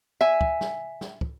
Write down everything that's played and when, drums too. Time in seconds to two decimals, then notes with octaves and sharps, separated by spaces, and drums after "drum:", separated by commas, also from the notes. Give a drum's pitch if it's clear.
0.21 E5 G#5
0.41 drum: kick
0.61 drum: snare
1.01 drum: snare
1.21 drum: kick